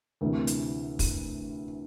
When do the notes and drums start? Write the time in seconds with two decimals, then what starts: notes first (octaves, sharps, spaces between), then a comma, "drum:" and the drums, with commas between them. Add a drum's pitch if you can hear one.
0.21 D2 C3 E3 A#4
0.47 drum: hi-hat
0.99 drum: kick, open hi-hat